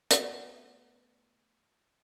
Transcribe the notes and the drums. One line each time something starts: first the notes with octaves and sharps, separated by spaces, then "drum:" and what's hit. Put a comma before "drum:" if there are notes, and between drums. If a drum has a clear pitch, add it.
A3 B3 F#4, drum: hi-hat